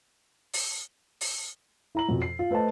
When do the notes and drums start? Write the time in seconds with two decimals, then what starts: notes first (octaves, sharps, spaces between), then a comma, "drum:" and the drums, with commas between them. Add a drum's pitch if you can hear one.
0.53 drum: open hi-hat
1.21 drum: open hi-hat
1.95 E4 A#5 F#7
2.09 F2 B2
2.22 C7
2.39 F4
2.51 A3 B4 C5 D#5 A5